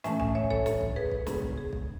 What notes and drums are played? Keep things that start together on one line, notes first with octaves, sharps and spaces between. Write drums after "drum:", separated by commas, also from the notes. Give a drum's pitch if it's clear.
A2 E3 A3 C#4 E5 G#5, drum: snare
E5 G#5, drum: kick B1
C#5 E5
A4 C#5, drum: kick B1
A4 C#5, drum: snare
drum: kick B1
G#4 B4
drum: kick B1
F#2 C#3 G#3 B3 G#4, drum: snare
drum: kick B1
G#4
drum: kick B1